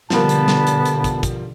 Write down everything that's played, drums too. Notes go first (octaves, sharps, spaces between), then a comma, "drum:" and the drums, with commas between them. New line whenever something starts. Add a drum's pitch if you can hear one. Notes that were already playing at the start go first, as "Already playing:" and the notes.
B2 D3 F3 G3 A#3 B3 A5, drum: snare
drum: hi-hat
drum: snare
drum: hi-hat
drum: hi-hat
drum: kick, hi-hat
drum: kick, hi-hat